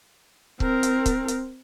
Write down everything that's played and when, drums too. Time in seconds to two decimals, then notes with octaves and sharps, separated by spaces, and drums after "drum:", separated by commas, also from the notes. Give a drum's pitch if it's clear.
0.60 C4 A#4, drum: kick C#1
0.83 drum: hi-hat
1.06 drum: kick C#1, hi-hat
1.28 drum: hi-hat